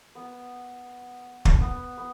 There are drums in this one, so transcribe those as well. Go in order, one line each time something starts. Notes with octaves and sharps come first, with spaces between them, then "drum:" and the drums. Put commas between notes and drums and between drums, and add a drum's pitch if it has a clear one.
B3
drum: kick
B3
B3